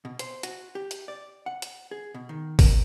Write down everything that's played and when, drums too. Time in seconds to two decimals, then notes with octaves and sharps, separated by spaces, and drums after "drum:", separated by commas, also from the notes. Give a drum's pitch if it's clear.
0.05 B2
0.19 C5, drum: hi-hat
0.43 F#4, drum: hi-hat
0.75 G4
0.91 drum: hi-hat
1.08 D5
1.46 F#5
1.62 drum: hi-hat
1.91 G#4
2.14 B2
2.29 D#3
2.59 A#4, drum: kick G#1, open hi-hat